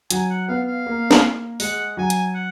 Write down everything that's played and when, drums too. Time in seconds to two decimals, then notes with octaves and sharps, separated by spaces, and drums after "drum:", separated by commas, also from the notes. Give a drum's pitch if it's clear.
0.10 F#3 G#5, drum: hi-hat
0.30 F#5
0.48 B3 F5
0.67 F5
0.86 A#3
1.11 drum: snare
1.60 G#3 F#5, drum: open hi-hat
1.97 F#3 G#5
2.10 drum: hi-hat
2.35 F#5